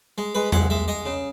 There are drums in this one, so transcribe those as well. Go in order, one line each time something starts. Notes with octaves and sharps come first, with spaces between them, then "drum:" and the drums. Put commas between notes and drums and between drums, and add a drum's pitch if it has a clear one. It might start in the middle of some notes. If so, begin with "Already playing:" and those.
G#3
G#3 B4
G#3 F#5, drum: tom E2
G#3 E5
G#3 D#5
C#3